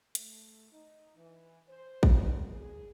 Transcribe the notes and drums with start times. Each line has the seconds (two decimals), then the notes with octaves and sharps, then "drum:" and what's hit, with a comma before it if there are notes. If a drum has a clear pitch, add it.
0.15 A3, drum: hi-hat
0.71 D#4
1.16 E3
1.68 C5
2.03 drum: kick
2.50 G#4